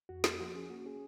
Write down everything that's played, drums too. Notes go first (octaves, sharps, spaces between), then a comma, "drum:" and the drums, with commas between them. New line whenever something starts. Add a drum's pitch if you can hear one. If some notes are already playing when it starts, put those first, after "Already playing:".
F2 F#4
A#3, drum: snare
F3 F#4
C#4 G#4
A#3 F#4
C#4 G#4